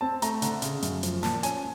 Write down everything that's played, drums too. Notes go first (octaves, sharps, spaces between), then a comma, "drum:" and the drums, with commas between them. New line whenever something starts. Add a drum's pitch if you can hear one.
C4 A5
A3 A#5, drum: hi-hat
D3, drum: hi-hat
C#3, drum: hi-hat
F#2, drum: hi-hat
F3, drum: hi-hat
A#2 A5, drum: snare
C#4 G#5, drum: hi-hat